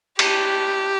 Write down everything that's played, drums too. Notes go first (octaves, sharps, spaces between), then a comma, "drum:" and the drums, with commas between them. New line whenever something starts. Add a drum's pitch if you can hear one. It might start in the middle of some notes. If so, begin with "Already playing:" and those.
G4, drum: cymbal